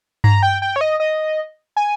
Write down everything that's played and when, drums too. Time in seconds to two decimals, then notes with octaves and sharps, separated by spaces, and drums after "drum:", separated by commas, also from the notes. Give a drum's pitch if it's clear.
0.24 A#5, drum: tom G2
0.43 G5
0.62 G5
0.76 C#5
0.81 D#5
1.00 D#5
1.77 G#5